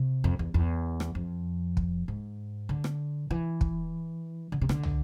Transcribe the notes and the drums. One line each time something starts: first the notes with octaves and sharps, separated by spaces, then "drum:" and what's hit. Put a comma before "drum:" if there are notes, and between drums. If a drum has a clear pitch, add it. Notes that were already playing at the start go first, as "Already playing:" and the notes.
Already playing: C3
F2
E2
E2
drum: rim click
F2
drum: kick
G#2
D3
drum: rim click
E3
drum: kick
D3
C3
D3, drum: rim click
drum: tom